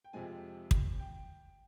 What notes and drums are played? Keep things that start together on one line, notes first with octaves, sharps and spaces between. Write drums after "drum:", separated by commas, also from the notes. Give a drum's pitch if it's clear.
G5
F2 C3 F3 G#3 C4 G#5
drum: kick
G5